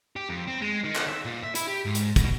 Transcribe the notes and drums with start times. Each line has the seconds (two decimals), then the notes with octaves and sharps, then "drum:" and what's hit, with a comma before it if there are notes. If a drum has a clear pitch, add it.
0.16 G4
0.29 F2
0.47 C4
0.61 G#3
0.84 D#3
0.95 drum: clap
1.08 E5
1.25 A#2
1.43 E5
1.55 E4, drum: hi-hat
1.68 G4
1.85 G#2
1.95 drum: hi-hat
2.16 B2, drum: kick, hi-hat